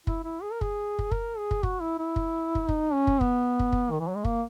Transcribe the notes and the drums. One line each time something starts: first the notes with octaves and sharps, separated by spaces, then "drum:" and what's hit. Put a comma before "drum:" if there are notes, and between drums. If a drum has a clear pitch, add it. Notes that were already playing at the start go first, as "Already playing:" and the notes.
E4, drum: kick
E4
G#4
A#4
G#4, drum: kick
drum: kick
A#4, drum: kick
G#4
drum: kick
F#4, drum: kick
E4
E4
drum: kick
drum: kick
D#4, drum: kick
C#4
drum: kick
B3, drum: kick
drum: kick
drum: kick
D#3
E3
F#3
G#3
A#3, drum: kick